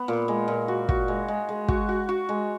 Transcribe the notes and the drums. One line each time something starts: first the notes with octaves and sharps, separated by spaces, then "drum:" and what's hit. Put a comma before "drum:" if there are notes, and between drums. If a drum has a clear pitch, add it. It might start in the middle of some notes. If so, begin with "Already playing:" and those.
Already playing: B3
A#2
G#3
A#2
F#4
F#4, drum: kick
G#3
G#3
G#3
F#4, drum: kick
F#4
F#4
G#3